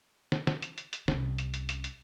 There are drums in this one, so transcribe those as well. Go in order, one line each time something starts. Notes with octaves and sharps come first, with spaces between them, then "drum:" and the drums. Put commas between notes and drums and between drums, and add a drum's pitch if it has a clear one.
drum: snare
drum: snare
drum: hi-hat
drum: hi-hat
drum: hi-hat
C2 C#4, drum: snare
drum: hi-hat
drum: hi-hat
drum: hi-hat
drum: hi-hat